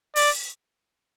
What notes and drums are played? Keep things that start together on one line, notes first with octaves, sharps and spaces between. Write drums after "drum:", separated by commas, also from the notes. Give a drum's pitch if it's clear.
D5, drum: open hi-hat